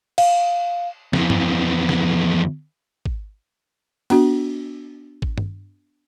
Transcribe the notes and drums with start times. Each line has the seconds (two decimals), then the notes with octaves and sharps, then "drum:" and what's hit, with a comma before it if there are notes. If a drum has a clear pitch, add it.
0.18 F5, drum: cymbal
1.13 F2 E3, drum: snare
1.30 drum: tom G2
1.89 drum: snare
3.06 drum: kick
4.10 B3 D4 F#4, drum: cymbal
5.22 drum: kick
5.38 drum: tom G2